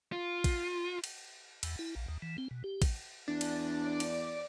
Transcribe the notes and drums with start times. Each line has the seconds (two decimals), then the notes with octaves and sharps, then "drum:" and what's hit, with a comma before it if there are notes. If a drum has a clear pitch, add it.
0.12 F4
0.44 drum: kick A1, cymbal
1.04 drum: cymbal
1.63 E2, drum: cymbal
1.79 E4
1.96 A#1
2.08 D#2
2.22 E3
2.38 C4
2.51 B2
2.64 G4
2.82 drum: kick A1, cymbal
3.28 E2 D4
3.41 drum: cymbal
3.83 D5
4.00 drum: cymbal